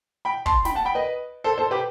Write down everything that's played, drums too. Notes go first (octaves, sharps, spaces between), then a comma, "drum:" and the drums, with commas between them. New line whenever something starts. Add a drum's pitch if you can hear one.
G5 B5
A5 C6, drum: kick
G5 B5, drum: snare
F#5 A5
G5 B5
B4 D#5
A4 C5
A4 C5
G4 B4